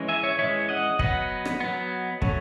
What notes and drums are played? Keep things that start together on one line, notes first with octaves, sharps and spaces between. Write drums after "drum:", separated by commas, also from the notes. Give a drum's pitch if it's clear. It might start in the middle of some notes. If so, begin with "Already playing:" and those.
Already playing: E3 G#3 C#4
E5 G#5
C#5 E5
E3 G#3 C#4 C#5 E5
D#5 F#5
F#3 B3 D#5 F#5, drum: kick
drum: rim click
F#3 B3
F#3 A3 C#4, drum: kick